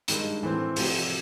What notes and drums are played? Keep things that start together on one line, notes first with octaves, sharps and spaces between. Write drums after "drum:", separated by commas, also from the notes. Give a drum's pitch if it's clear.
G2 D#3 G#3, drum: hi-hat
A2 E3 A3 C4
C3 F3 A3, drum: open hi-hat